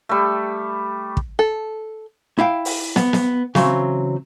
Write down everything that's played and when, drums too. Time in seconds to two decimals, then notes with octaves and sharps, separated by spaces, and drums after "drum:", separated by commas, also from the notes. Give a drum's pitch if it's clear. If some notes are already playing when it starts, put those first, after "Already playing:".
0.09 G3 A3
1.17 drum: kick
1.39 A4
2.39 E4 F5 G5
2.65 drum: open hi-hat
2.96 B3, drum: snare
3.13 drum: snare
3.55 C#3 E3 F#3 C4, drum: snare